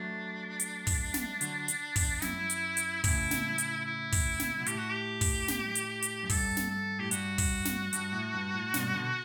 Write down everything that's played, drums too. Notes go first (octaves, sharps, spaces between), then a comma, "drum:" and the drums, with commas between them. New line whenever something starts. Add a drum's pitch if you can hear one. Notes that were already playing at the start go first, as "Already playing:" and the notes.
Already playing: F#3 A3 D4
drum: hi-hat
drum: kick, open hi-hat
drum: snare
D3 F#3, drum: hi-hat
drum: hi-hat
E2, drum: kick, open hi-hat
F#2 E4, drum: snare
drum: hi-hat
drum: hi-hat
A2 C#3 E4, drum: kick, open hi-hat
drum: snare
drum: hi-hat
E4
drum: kick, open hi-hat
drum: snare
B2
A2 G4, drum: hi-hat
F#4
G4
drum: kick, open hi-hat
drum: snare
drum: hi-hat
drum: hi-hat
F#2
G2 A4, drum: kick, open hi-hat
drum: snare
A4
A2 G4
G2 F#4, drum: hi-hat
drum: kick, open hi-hat
drum: snare
G2, drum: hi-hat
A2
G2
A2
G2 B2, drum: snare
B2 D3